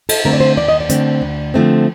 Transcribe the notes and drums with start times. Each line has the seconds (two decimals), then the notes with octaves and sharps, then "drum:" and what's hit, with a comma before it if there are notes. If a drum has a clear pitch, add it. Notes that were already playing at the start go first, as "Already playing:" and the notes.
0.09 A4, drum: cymbal
0.25 D3 A3 C4 A#4
0.33 D5
0.40 C5
0.57 D#2 D5
0.68 D#5
0.80 D5
0.89 D3 A3 C4, drum: hi-hat
1.22 D2
1.54 D3 F3 A3 C4